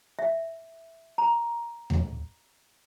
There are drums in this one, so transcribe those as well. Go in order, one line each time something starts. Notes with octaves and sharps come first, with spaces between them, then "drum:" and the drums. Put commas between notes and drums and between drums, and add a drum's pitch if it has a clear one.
E5
A#5
drum: tom D#2